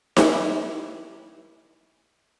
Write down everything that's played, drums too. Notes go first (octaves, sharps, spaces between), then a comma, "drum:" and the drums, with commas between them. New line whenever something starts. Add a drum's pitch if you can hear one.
D#3 E3 E4, drum: snare D#4